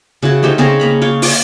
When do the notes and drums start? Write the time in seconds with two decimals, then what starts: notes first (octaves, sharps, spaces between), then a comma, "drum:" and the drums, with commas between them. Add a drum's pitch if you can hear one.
0.22 C#3 E4 F#4 C#5
0.43 A3 D#4 G4 C5
0.58 C#3 C4 G#4 A#5
0.80 A#3 A#5 B5
1.02 C#5 F5 G5
1.22 F4 C5 C6 D6, drum: open hi-hat